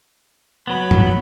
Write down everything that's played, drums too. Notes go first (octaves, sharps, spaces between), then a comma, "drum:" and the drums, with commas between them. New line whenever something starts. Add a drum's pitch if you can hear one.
F#3 B3 B5
drum: tom